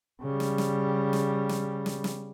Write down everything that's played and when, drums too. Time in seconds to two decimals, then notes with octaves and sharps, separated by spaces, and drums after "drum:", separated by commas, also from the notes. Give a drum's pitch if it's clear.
0.22 C#3 G3
0.40 drum: snare
0.58 drum: snare
1.13 drum: snare
1.49 drum: snare
1.86 drum: snare
2.04 drum: snare